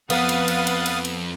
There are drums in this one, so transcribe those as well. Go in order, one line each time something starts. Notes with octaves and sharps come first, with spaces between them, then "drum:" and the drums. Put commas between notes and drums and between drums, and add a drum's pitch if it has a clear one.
F2 B3 B4 F5 F#5 D#6 A6, drum: cymbal
drum: cymbal
drum: cymbal
drum: cymbal
drum: cymbal
drum: cymbal